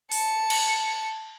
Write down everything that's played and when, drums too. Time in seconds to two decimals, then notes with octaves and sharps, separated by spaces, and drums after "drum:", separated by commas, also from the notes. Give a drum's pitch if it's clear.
0.12 A5 C#7, drum: open hi-hat
0.50 drum: cymbal